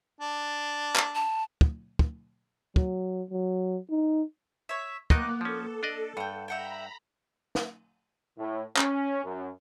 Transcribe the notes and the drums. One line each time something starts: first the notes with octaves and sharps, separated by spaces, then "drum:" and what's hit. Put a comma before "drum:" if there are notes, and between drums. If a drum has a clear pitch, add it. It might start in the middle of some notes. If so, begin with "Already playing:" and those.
D4
drum: clap
A5
drum: kick
drum: kick
F#3, drum: kick
F#3
D#4
C#5 E5
D#3 A#3 B3 D#4 D#5 D6 F#6, drum: kick
F3 C#4 A4
D4 D5 D#5
G2 F#5 G5
E5 F#5 G5 A#5 B5
drum: snare
A2
C#4, drum: clap
F#2